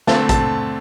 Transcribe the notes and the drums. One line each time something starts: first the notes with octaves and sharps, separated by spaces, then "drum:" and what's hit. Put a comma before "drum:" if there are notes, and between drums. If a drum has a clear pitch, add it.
D3 A3 C4 A5, drum: snare
A5, drum: kick, hi-hat